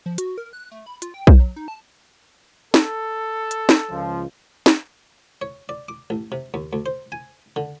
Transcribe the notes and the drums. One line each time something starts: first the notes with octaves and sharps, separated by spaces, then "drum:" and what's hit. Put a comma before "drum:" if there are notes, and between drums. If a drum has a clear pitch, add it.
F3
F#4, drum: hi-hat
A#4
F#6
A3
B5
F4, drum: hi-hat
G5
C5, drum: kick B1
F#3
D#4
A5
A4, drum: snare
drum: hi-hat
drum: snare
C#2 F3
drum: snare
C#5
D5
D6
A1
C3
D#2
D2
C5
G#5
D3